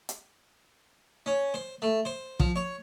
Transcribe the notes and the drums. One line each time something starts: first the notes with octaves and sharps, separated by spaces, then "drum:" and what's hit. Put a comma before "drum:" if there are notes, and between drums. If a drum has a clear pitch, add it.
drum: hi-hat
C#4
C5
A3
C5
F3, drum: kick
C#5